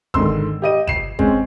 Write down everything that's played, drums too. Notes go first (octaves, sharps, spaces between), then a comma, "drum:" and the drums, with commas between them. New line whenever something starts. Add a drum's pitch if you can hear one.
G#2 D3 D#3 C6 E6, drum: kick G1
G4 D#5 D#7
C7 E7, drum: kick G1
G#3 C4 C#4, drum: kick G1